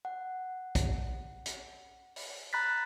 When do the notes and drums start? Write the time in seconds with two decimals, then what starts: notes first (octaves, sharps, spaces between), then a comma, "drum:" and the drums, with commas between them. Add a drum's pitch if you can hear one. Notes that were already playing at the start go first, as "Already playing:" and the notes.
0.05 F#5
0.75 drum: kick, hi-hat
1.46 drum: hi-hat
2.16 drum: open hi-hat
2.53 A#5 B5 F#6 A6 B6